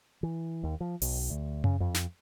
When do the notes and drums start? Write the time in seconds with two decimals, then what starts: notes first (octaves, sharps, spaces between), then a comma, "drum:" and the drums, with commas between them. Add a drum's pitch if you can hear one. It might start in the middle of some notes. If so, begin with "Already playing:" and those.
0.23 E3
0.63 D#2
0.80 F3
1.02 B1, drum: open hi-hat
1.30 D2
1.64 C#3, drum: tom F#2
1.80 F2
1.94 drum: snare